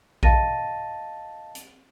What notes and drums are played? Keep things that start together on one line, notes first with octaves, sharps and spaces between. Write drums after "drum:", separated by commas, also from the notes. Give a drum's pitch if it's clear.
D#5 F5 A5 A6 A#6 D#7, drum: kick A#1
drum: hi-hat